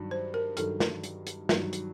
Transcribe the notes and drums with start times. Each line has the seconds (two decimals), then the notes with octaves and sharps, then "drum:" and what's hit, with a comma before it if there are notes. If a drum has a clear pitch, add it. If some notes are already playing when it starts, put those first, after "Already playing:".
Already playing: G2 D#3 F#3
0.11 C5
0.34 A#4
0.57 G2 D#3 F#3 A4, drum: hi-hat
0.80 drum: snare
1.04 drum: hi-hat
1.27 drum: hi-hat
1.49 G2 D#3 F#3, drum: snare
1.73 drum: hi-hat